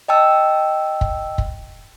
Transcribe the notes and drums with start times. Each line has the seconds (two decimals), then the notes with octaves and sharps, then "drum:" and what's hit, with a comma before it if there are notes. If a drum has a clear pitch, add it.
0.08 D#5 G5 A5 E6
1.01 drum: kick
1.38 drum: kick